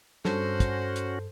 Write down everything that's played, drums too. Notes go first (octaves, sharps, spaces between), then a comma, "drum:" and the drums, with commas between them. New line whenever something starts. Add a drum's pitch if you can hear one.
G2 C#4 F#4 A4 C5, drum: snare
drum: kick, hi-hat
drum: hi-hat